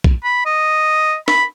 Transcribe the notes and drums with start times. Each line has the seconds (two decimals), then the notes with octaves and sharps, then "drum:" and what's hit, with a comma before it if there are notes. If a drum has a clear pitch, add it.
0.04 drum: kick
0.24 B5
0.46 D#5
1.28 B5, drum: snare